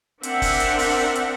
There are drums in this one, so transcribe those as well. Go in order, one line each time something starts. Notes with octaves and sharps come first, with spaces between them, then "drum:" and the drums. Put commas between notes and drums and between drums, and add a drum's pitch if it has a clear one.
C4 D4 A#4 E5 F#5, drum: hi-hat
drum: kick, open hi-hat
drum: hi-hat
drum: open hi-hat
drum: hi-hat